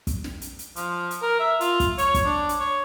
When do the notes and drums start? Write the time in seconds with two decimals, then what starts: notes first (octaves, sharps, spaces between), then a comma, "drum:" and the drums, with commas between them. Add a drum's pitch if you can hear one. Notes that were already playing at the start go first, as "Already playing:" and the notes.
0.07 drum: kick, hi-hat
0.24 drum: snare
0.42 drum: hi-hat
0.59 drum: hi-hat
0.76 F3, drum: hi-hat
1.11 drum: hi-hat
1.22 A#4
1.39 E5
1.61 F4, drum: hi-hat
1.80 drum: kick, hi-hat
1.98 C#5, drum: hi-hat
2.14 drum: kick, hi-hat
2.25 D4
2.49 drum: hi-hat
2.60 C#5